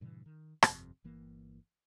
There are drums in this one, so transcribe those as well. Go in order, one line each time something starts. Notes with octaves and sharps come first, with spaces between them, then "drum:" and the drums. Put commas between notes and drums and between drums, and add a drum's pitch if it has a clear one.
G2 A#2 C#3 E3
D#3
G1 F2 C3, drum: rim click
G1 E3 A#3